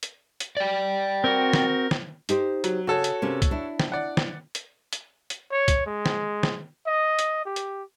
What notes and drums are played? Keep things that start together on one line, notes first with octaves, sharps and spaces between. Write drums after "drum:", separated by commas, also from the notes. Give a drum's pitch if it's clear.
drum: hi-hat
drum: hi-hat
D5 G5
C4 F#4 A#4
drum: snare
drum: snare
D#4 G4 C5, drum: hi-hat
F#3, drum: hi-hat
C#3 F#4 A4 C#5
drum: hi-hat
C3 A#3 C#4
drum: kick, hi-hat
D4 E4
drum: snare
D5 F#5
drum: snare
drum: hi-hat
drum: hi-hat
drum: hi-hat
C#5
drum: kick, hi-hat
G#3
drum: snare
drum: snare
D#5
drum: hi-hat
G4
drum: hi-hat